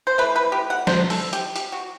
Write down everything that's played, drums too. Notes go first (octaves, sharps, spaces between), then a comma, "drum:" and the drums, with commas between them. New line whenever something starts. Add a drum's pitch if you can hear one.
C5
E3 A3 B4
B4
G4
F#5
C5, drum: snare
A4, drum: open hi-hat
G4, drum: hi-hat
G4, drum: hi-hat
F#4